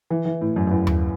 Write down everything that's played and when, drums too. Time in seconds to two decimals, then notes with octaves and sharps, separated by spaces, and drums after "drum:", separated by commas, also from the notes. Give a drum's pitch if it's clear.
0.10 E3
0.25 E3
0.41 A2
0.56 F#2
0.67 F#2
0.71 E2
0.87 drum: tom D#2